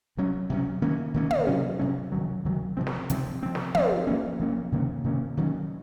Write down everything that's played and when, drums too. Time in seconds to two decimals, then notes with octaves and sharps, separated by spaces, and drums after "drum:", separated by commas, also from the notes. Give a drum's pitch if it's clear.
0.17 C3 F#3 C#4
0.50 C3 F#3 C#4
0.82 D#3 A#3 C#4
1.14 D#3 A#3 C#4
1.31 drum: tom
1.47 C3 F#3 C#4
1.79 C3 F#3 C#4
2.12 C3 D#3 F#3
2.45 C3 D#3 F#3
2.77 C3 F3 C4
2.87 drum: snare
3.10 C3 F3 C4, drum: hi-hat
3.43 F3 C4
3.55 drum: snare
3.75 F3 C4, drum: tom
4.07 F3 A#3 C#4
4.39 F3 A#3 C#4
4.72 C3 D#3 A#3 C#4
5.04 C3 D#3 A#3 C#4
5.37 D#3 F#3 A#3 C#4